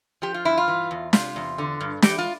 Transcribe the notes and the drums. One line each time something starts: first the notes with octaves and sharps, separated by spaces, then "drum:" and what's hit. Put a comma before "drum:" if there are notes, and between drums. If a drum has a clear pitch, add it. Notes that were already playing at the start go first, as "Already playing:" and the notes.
F3 G4
F4
G2 E4
F4
E3
E2
C3 F4, drum: snare
E2
D3
G2
E3 G4, drum: snare
F4